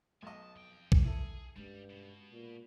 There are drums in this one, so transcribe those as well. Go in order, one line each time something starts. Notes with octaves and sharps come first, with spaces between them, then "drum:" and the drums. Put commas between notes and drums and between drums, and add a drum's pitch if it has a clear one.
B1 D#5 G#5 A5
F2 G5
drum: kick
E4 G#4 A4
G2 G3 G#3 C#4
B2
A#2